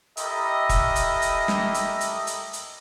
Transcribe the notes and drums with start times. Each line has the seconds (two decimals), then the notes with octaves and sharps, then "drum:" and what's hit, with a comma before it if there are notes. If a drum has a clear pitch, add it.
0.17 E4 G4 A4 A#4 D#5, drum: hi-hat
0.69 drum: kick E1, hi-hat
0.96 drum: hi-hat
1.22 drum: hi-hat
1.48 drum: snare
1.74 drum: hi-hat
2.01 drum: hi-hat
2.27 drum: hi-hat
2.53 drum: hi-hat